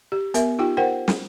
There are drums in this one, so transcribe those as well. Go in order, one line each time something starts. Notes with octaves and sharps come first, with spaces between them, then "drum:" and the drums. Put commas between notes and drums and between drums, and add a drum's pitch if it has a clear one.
G4
B3 A#4 E5, drum: hi-hat
D#4 F4 G4 G5
A#4 C5 F#5 G5
drum: snare